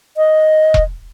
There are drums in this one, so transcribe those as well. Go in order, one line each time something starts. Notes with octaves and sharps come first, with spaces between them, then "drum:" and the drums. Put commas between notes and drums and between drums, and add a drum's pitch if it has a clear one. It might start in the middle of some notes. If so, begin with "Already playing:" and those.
D#5
drum: kick E1